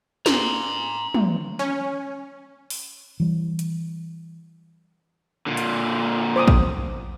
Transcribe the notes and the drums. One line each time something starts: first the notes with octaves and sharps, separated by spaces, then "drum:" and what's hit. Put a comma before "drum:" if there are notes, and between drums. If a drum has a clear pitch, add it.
A#5 C6, drum: snare
drum: tom
C#4
drum: open hi-hat
E3 G3
drum: hi-hat
A#2 D3
drum: hi-hat
C5 D6 D#6
drum: kick A1